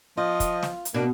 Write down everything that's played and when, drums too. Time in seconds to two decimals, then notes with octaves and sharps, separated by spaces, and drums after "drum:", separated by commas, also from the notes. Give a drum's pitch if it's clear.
0.17 F3 F4 D#5
0.40 drum: kick, hi-hat
0.63 drum: snare
0.85 drum: hi-hat
0.94 B2 A#3 D4